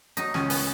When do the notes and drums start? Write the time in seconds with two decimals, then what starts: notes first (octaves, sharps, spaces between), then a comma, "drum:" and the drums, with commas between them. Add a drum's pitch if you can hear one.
0.17 F#3 D#4, drum: hi-hat
0.34 C#2 C#4, drum: snare
0.50 B3, drum: open hi-hat